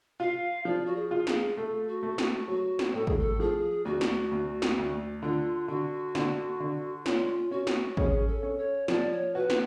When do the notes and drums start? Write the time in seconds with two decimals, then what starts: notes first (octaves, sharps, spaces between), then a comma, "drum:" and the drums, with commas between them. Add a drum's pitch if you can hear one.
0.20 F4 F5
0.65 F3 D5
0.86 F#4
0.96 G#4
1.11 F4
1.27 G#4, drum: snare
1.57 A3 A4
1.88 F#4
2.03 A3
2.18 F#4, drum: snare
2.48 F#3 F#4
2.79 drum: snare
2.94 A2 A4
3.07 G#4, drum: kick
3.19 A4
3.40 F3 G#4
3.85 D2 F#4
4.01 drum: snare
4.31 D2
4.62 drum: snare
4.78 D2
5.23 D3 F4
5.68 D3 F#4
6.15 D3, drum: snare
6.60 D3
7.06 C#4 F4, drum: snare
7.51 C#4 F#4
7.67 drum: snare
7.97 C#4 G#4, drum: kick
8.28 A4
8.43 C#4
8.58 C#5
8.88 F3 D5, drum: snare
9.12 C#5
9.35 F#4 B4
9.50 drum: snare